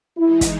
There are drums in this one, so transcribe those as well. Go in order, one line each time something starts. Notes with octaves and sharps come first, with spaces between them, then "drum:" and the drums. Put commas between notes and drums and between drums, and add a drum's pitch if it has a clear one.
E3 G#3 D#4 E4
drum: kick, hi-hat